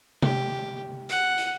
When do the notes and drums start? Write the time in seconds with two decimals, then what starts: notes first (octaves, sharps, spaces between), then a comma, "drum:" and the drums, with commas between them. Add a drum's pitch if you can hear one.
0.22 G4, drum: tom C3
1.09 F#5, drum: hi-hat
1.38 drum: hi-hat